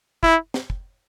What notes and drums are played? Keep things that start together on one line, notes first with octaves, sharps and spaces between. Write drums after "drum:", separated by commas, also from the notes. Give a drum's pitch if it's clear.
E4, drum: kick
drum: snare
drum: kick